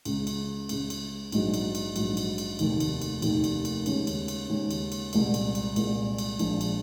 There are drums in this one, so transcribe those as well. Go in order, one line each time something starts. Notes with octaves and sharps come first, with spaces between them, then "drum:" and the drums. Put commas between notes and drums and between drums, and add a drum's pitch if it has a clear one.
C#2 C#3 G#3, drum: cymbal
drum: cymbal
C#2 C#3 G#3, drum: cymbal
drum: cymbal
A#1 G#2 F#3, drum: cymbal
drum: cymbal
drum: cymbal
A#1 G#2 F#3, drum: cymbal
drum: cymbal
drum: cymbal
F1 D#2 D#3, drum: cymbal
drum: cymbal
drum: cymbal
F1 D#2 D#3, drum: cymbal
drum: cymbal
drum: cymbal
D#2 C#3 G#3 C#4, drum: cymbal
drum: cymbal
drum: cymbal
D#2 C#3 G#3 C#4
drum: cymbal
drum: cymbal
C2 A#2 G#3, drum: cymbal
drum: cymbal
drum: cymbal
C2 A#2 G#3, drum: cymbal
drum: cymbal
A#1 A#2 F3 G#3, drum: cymbal
drum: cymbal